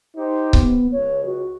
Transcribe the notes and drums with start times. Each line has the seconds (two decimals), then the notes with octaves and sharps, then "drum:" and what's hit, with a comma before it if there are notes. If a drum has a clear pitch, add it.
0.17 D#4 G4 C5
0.53 B3, drum: kick C#1
0.92 C#2 C#5
1.25 F#4